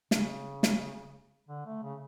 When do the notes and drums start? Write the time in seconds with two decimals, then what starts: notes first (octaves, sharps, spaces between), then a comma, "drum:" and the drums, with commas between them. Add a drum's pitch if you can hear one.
0.11 C#3, drum: snare
0.63 drum: snare
1.49 D3
1.66 A3
1.83 C#3